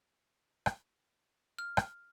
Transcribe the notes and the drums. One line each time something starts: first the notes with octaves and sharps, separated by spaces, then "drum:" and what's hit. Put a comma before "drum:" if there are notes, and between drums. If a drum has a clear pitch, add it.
drum: rim click
F6
drum: rim click